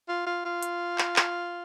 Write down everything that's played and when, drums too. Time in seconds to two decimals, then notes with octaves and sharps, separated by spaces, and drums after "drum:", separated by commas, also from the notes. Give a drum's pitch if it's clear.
0.09 F4
0.26 F4
0.45 F4
0.63 drum: hi-hat
0.98 drum: clap
1.16 drum: clap